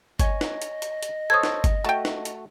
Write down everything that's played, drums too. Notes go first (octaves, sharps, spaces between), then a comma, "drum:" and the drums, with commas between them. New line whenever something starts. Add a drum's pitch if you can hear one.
C#5 D#5 G#5, drum: kick G1, hi-hat
drum: snare
drum: hi-hat
drum: hi-hat
drum: hi-hat
A4 C5 C#5 D#6 G#6
drum: snare
drum: kick G1, hi-hat
A3 F#4 G5 A5
drum: snare
drum: hi-hat